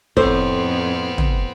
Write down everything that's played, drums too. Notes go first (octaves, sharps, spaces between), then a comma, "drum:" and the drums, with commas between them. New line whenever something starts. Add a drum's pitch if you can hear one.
F2 A2 B3 C4 C5, drum: kick
drum: tom